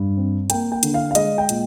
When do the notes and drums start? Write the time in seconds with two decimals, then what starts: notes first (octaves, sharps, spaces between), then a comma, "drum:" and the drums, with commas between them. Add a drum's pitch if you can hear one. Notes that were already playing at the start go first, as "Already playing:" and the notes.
Already playing: G2
0.17 C4
0.50 A#3 G5, drum: hi-hat
0.72 G5
0.83 D3, drum: hi-hat
0.94 F5
1.11 F5
1.15 G#3 D#5, drum: hi-hat
1.38 G5
1.49 A#2, drum: hi-hat